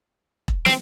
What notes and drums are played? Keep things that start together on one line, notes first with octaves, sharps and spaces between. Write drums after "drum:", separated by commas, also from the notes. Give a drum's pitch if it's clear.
drum: kick E1
C4, drum: snare